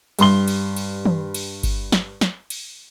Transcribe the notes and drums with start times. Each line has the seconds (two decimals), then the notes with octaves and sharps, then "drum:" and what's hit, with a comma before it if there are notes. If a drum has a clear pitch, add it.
0.19 G2 G3 C6 G7, drum: cymbal
0.48 drum: cymbal
0.77 drum: cymbal
1.05 drum: tom D#3
1.34 drum: cymbal
1.63 drum: kick G1, cymbal
1.92 drum: snare
2.21 drum: snare
2.50 drum: cymbal